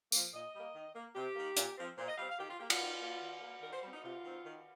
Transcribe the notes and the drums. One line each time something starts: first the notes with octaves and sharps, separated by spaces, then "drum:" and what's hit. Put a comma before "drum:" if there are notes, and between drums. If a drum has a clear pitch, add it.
F3 A#3, drum: tambourine
A#2 D#5
G3 A#3
D#3
A#3
C3 G4
D#3 A#3
A#2, drum: hi-hat
F3 C4
A#2 C5
D#5
G3 C4 F5
F5
D#3 G4
F4
A#3 G4
F4, drum: cymbal
D#3
A#3
D#3
A#3
D#3 A#4
C5
G3 C4
D#4
C3 F4
D#3 C4
D#3